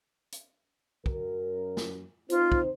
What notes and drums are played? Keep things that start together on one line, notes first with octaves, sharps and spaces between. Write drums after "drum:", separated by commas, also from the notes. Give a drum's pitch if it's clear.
drum: hi-hat
F#2 A#4, drum: kick
drum: snare
C4 D#4 F4 C5, drum: hi-hat
drum: kick